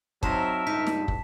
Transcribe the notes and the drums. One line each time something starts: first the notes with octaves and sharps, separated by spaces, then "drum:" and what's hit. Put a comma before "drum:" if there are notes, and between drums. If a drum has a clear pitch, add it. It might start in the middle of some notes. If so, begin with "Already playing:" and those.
F#3 C4 D#4 A#4 C5 E5 A5 E7, drum: kick
C#2 G2 D#4 B6
drum: snare
drum: kick